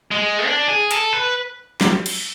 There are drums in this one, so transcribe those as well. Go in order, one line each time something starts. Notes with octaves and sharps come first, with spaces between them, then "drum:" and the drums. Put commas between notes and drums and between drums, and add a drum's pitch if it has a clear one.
G#3
D4
G#4
A4, drum: hi-hat
B4
drum: snare
drum: cymbal